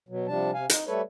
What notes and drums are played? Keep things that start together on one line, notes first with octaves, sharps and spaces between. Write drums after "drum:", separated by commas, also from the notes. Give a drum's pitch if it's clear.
B2 F#3
C3 F3 G3 D4 A5
C3 F5 G#5
D#4, drum: hi-hat
G3 A3 A4 B4 C#5